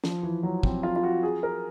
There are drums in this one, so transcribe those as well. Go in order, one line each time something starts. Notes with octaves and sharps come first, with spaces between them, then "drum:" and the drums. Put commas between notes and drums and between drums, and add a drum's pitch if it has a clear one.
F3, drum: snare
E3
F#3
C4, drum: kick
F4
F4
F#4
G#4
A#4